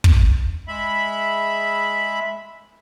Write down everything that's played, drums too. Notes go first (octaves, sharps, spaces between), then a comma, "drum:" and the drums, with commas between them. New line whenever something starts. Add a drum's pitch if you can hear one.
drum: kick
G#3 E5 B5